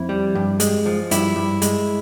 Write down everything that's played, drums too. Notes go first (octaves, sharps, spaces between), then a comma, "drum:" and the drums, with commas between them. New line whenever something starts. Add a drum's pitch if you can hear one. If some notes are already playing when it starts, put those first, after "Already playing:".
Already playing: F2 E4
G3
G2
G#3, drum: hi-hat
F3
G2 E4, drum: hi-hat
G2
G#3, drum: hi-hat